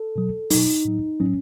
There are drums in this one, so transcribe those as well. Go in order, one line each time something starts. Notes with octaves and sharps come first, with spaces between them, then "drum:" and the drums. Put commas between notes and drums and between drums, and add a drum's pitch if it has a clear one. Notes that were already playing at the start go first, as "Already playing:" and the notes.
Already playing: A4
B2 F#3
B2 F#3 D#4, drum: open hi-hat
A2 F#3
A2 F#3 C#4